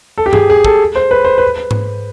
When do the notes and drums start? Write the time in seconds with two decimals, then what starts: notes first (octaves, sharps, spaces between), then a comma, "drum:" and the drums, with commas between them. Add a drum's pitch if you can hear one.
0.18 A4
0.26 G4
0.33 G#4, drum: tom G2
0.50 G#4
0.65 A4, drum: kick
0.96 C5
1.11 B4
1.25 C5
1.38 B4
1.71 drum: tom G#2